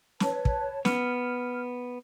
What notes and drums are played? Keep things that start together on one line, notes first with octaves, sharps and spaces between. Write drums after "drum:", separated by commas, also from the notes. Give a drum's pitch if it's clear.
B4 C#5 A5, drum: snare
drum: kick
B3 F6, drum: snare